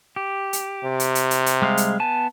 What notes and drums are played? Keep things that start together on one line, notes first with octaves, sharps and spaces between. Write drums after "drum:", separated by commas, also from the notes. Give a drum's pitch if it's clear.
G4
drum: hi-hat
C3
drum: hi-hat
drum: hi-hat
drum: hi-hat
drum: hi-hat
G3 G#3 F5
drum: hi-hat
B3 G#5 A5